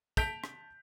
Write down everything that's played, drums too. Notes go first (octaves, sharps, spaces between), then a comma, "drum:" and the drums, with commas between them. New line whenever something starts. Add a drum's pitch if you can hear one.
A5 G6 B6 D7 F7, drum: kick, tambourine
drum: rim click